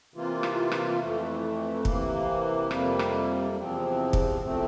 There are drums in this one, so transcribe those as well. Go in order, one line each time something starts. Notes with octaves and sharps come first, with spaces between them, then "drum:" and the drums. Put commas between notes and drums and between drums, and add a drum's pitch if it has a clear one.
C3 E3 A#3 F4
drum: rim click
drum: rim click
F2 E3 A3
C3 E3 A#3, drum: kick
F2 C3 G3 A#3, drum: rim click
drum: rim click
E2 C3 F3 C4
drum: kick
E2 C3 F3 A3 C4